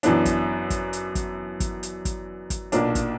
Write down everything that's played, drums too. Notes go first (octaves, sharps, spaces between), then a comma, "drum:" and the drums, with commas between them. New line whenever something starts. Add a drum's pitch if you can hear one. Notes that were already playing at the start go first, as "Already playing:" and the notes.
F#2 E3 B3 D4, drum: hi-hat
drum: kick, hi-hat
drum: kick, hi-hat
drum: hi-hat
drum: kick, hi-hat
drum: kick, hi-hat
drum: hi-hat
drum: kick, hi-hat
drum: kick, hi-hat
B1 A#2 A#3 D4, drum: hi-hat
drum: kick, hi-hat